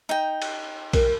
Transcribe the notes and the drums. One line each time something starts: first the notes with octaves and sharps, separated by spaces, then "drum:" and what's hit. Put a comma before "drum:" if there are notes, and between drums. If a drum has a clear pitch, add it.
D#4 G5
drum: cymbal
A#4, drum: kick B1, cymbal